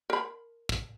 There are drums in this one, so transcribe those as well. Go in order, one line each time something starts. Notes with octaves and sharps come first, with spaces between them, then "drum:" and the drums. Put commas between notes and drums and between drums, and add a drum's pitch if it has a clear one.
A#4 B5
drum: kick